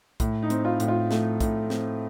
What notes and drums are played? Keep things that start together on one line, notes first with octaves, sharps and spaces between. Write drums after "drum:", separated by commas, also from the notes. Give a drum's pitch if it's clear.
A2, drum: kick, hi-hat
D#4
C4, drum: hi-hat
F4
A2, drum: hi-hat
F4
A3, drum: snare
A2, drum: kick, hi-hat
C4, drum: snare